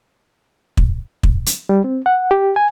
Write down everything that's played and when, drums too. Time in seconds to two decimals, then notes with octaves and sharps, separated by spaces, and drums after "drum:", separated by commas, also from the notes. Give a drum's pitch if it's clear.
0.77 drum: kick
1.23 drum: kick
1.46 drum: hi-hat
1.69 G3
1.84 C4
2.06 F#5
2.31 G4
2.56 G#5